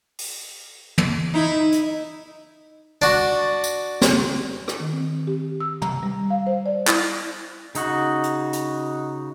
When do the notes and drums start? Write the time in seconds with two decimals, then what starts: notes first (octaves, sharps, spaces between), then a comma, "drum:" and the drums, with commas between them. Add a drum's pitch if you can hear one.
0.19 drum: open hi-hat
0.98 drum: tom
1.34 D#4 E4
1.72 drum: hi-hat
3.02 D4 F#4
3.64 drum: tambourine
4.01 drum: snare
4.68 drum: rim click
4.80 D#3
4.93 C4
5.27 G4
5.60 E6
5.82 A#5, drum: tom
6.03 G3
6.30 F5
6.47 C5
6.66 D5
6.87 E4, drum: clap
7.75 C#3 D#4 F#4, drum: hi-hat
8.23 drum: hi-hat
8.53 drum: hi-hat